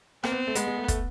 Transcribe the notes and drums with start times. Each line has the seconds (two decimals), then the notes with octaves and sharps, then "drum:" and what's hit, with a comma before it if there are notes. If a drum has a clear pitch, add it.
0.24 A#3 C4, drum: rim click
0.32 B3
0.47 A3
0.55 G#3 B3, drum: hi-hat
0.67 G#3
0.78 A3
0.88 A3, drum: kick, hi-hat